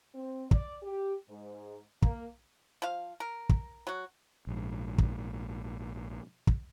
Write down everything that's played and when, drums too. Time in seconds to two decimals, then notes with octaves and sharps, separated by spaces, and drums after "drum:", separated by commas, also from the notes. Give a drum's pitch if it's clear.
0.15 C4
0.51 D5, drum: kick
0.83 G4
1.30 G#2
2.02 A#3, drum: kick
2.82 F3 F5
3.20 A#4
3.49 drum: kick
3.87 F#3 F#4
4.47 A#1 G#2
4.98 drum: kick
6.47 drum: kick